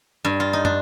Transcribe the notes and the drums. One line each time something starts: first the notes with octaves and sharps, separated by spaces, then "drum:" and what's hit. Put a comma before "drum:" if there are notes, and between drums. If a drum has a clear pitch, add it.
G2
F4
D#4
D4, drum: tom